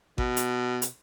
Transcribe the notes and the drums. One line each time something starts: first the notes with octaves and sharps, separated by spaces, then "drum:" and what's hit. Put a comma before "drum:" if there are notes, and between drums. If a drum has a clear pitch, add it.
B2, drum: kick G#1
drum: hi-hat
drum: hi-hat